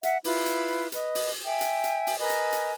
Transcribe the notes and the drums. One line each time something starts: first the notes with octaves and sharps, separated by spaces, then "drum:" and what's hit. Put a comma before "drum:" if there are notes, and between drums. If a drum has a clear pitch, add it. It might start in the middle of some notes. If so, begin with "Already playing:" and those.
E5 F#5, drum: hi-hat
E4 F4 B4, drum: open hi-hat
drum: hi-hat
B4 D#5, drum: hi-hat
drum: open hi-hat
E5 G5 G#5
drum: hi-hat
drum: hi-hat
drum: open hi-hat
A#4 B4 D#5 G#5
drum: hi-hat
drum: hi-hat